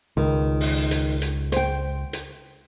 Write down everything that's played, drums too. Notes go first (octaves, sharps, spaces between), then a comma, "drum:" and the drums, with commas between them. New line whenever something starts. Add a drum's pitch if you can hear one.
C#2 D#3
drum: open hi-hat
drum: hi-hat
drum: hi-hat
C5 G5, drum: hi-hat
drum: hi-hat